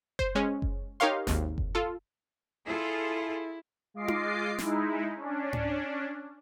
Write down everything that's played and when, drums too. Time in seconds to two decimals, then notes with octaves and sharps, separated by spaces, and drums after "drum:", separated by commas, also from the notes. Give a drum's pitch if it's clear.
0.19 C5, drum: kick F#1
0.35 G#3 C#4
0.62 drum: kick F#1
1.00 D#4 G4 A#4 C#5 F5 C6
1.27 G#1 D#2, drum: snare
1.58 drum: kick F#1
1.75 F4 A4
2.68 E4 F4 G#4 A4
3.94 G#3 F4 D#5 D6 C7
4.08 drum: tom D#4
4.58 G#3 D#4 E4, drum: snare
5.16 C#4 D4
5.53 drum: tom G#2